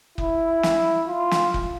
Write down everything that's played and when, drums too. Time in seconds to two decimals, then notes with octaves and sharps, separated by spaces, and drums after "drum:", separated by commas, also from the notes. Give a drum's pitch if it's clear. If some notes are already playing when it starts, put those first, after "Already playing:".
0.18 E4, drum: kick
0.63 drum: snare
1.08 F4
1.31 drum: snare
1.54 drum: kick